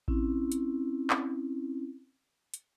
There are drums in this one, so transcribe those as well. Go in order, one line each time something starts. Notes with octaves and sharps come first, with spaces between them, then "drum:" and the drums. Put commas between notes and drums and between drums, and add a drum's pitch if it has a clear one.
C4 C#4 E4, drum: kick A1
drum: hi-hat
drum: clap
drum: hi-hat